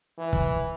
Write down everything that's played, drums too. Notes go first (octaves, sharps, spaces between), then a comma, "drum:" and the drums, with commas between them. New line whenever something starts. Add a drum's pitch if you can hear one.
E3
drum: kick